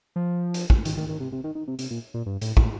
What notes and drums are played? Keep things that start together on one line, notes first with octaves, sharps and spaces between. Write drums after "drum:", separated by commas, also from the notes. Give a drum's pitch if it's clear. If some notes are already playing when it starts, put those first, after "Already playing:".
F3
drum: hi-hat
drum: kick
D#3, drum: hi-hat
D#3
D#3
C3
C3
D#3
D#3
C3
C3, drum: hi-hat
A#2
A#2
G2
A2, drum: hi-hat
A2, drum: kick